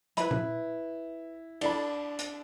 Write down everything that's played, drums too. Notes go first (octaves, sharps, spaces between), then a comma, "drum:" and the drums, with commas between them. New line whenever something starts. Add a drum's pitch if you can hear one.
E4 B4 E5 B5, drum: hi-hat
drum: tom A#2
D4 E4 A4 D5 B5, drum: cymbal
drum: hi-hat